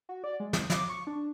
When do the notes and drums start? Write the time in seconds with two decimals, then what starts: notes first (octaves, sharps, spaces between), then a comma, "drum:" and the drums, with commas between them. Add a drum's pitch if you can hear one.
0.09 F#4
0.24 D5
0.40 G#3
0.53 drum: snare
0.70 D6, drum: snare
0.89 C#6
1.07 D4